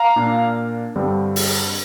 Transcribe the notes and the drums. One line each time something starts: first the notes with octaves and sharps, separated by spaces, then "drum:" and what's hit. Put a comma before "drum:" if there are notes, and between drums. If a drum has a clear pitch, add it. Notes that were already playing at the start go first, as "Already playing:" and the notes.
Already playing: F5 A#5
A#2 A#3 D4
G2 D3 G3 C4
drum: open hi-hat